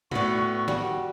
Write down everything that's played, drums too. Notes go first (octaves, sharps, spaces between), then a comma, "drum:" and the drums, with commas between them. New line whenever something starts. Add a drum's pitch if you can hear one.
A2 B3 F#4 D5 C#6, drum: tom B2
G3 F#4 F#5, drum: snare